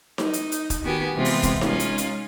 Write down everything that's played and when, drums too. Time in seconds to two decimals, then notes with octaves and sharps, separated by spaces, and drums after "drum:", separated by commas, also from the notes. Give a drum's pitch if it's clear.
0.18 D#4, drum: snare D#4
0.33 drum: hi-hat
0.52 drum: hi-hat
0.70 drum: kick, hi-hat
0.83 D#3 B3 F#4 G4 G#5
1.14 C3 E3 G#3 B3 C4 F4
1.25 drum: open hi-hat
1.43 drum: kick, hi-hat
1.61 G#3 C#4 D#4 F4, drum: snare D#4
1.80 drum: hi-hat
1.98 drum: hi-hat